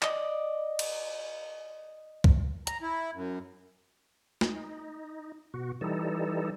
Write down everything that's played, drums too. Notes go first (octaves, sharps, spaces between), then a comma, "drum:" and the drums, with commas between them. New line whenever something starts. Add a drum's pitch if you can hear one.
D5 D#5, drum: clap
drum: cymbal
drum: kick C2
A#5, drum: hi-hat
E4
F#2
D#4, drum: snare
B2 F#4
E3 G3 D#4 A4